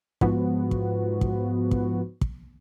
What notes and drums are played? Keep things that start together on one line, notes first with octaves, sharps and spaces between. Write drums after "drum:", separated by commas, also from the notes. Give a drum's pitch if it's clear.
G#2 F3 B3 F#4, drum: kick
drum: kick
drum: kick
drum: kick
drum: kick